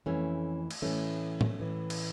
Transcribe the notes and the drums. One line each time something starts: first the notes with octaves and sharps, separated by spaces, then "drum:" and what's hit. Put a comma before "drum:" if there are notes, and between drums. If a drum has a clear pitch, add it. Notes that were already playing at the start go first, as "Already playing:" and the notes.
F2 E3 A3 C#4
drum: cymbal
A2 E3 A3 C#4
drum: tom A2
A2 E3
drum: cymbal